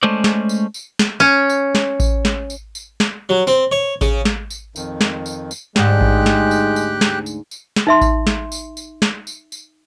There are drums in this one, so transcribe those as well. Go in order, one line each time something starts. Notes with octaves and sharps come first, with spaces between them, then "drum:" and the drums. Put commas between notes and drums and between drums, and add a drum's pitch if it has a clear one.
G#3 A3 C#4 C5 D5
drum: snare
drum: tambourine
drum: tambourine
drum: snare
C#4
drum: tambourine
drum: snare
drum: kick A1, tambourine
drum: snare
drum: tambourine
drum: tambourine
drum: snare
F#3
C4, drum: tambourine
C#5
C#3, drum: kick A1, tambourine
drum: snare
drum: tambourine
F2 D#3, drum: tambourine
drum: snare
drum: tambourine
drum: tambourine
D2 G#2 G#3 G4 G5 F#6, drum: snare
drum: kick A1
drum: snare
drum: tambourine
drum: tambourine
drum: snare
drum: tambourine
drum: tambourine
drum: snare
D#4 E5 C6
drum: kick A1, tambourine
drum: snare
drum: tambourine
drum: tambourine
drum: snare
drum: tambourine
drum: tambourine